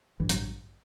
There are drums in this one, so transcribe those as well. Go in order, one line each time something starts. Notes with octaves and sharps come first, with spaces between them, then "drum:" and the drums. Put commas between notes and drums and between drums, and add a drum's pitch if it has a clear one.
A1 G2 D3 E3
F#3, drum: hi-hat